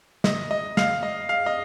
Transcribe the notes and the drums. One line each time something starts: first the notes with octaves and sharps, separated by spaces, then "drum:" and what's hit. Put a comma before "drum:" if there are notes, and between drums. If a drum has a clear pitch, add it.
D#5, drum: snare
D#5
F5, drum: snare
D#5
F5
D#5